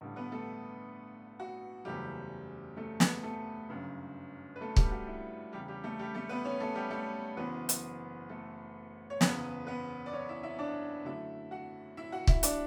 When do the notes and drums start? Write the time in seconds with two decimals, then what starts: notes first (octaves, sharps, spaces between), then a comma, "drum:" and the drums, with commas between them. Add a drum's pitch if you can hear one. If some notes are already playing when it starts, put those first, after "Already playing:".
0.01 A1 G2 D3 G3
0.16 B3 B4
0.31 A3 A4
1.40 F#4
1.85 F#1 E2 C#3 F#3 G3 A3 G4
2.77 A3 A4
3.00 B3 B4, drum: snare
3.23 A3 A4
3.69 G1 F#2 C#3 F#3
4.56 B4
4.61 A3 A4
4.76 G3 G4, drum: kick
4.91 F#4
5.07 E4
5.52 E2 C#3 G3 G4
5.68 G3 G4
5.83 A3 A4
5.99 G3 G4
6.14 A3 A4
6.29 B3 B4
6.45 C#4 C#5
6.60 A3 A4
6.75 G3 G4
6.91 A3 A4
7.37 F#1 F#2 E3 B3 B4
7.69 drum: hi-hat
8.29 A3 A4
9.10 C#5
9.21 F#1 E2 C#3 B3 B4, drum: snare
9.67 B3 B4
10.06 D5
10.13 C#4 C#5
10.29 E4 E5
10.43 E4 E5
10.59 D4 D5
11.05 F#2 D3 F#3 A3 E4 E5
11.51 F#4 F#5
11.97 E4 E5
12.12 F#4 F#5
12.27 E4 E5, drum: kick
12.43 D4 D5, drum: hi-hat